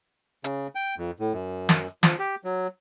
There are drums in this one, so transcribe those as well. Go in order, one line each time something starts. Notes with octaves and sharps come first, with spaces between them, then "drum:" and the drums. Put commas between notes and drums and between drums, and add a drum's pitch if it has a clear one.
C#3, drum: hi-hat
G5
F2
A2
F#2
drum: snare
F3, drum: snare
G4
F#3